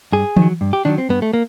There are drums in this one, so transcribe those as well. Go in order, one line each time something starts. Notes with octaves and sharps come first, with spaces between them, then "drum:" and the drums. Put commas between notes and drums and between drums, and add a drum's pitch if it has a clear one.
G2 G#4
D#3, drum: tom E3
F#3
G2
G4
D#3 F#3 D4
C4
G2 B3
A3
A#3